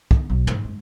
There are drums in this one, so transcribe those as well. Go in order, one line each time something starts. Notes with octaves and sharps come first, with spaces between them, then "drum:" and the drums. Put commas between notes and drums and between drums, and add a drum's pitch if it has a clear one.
B3, drum: kick
B1
G#2, drum: tom
G#3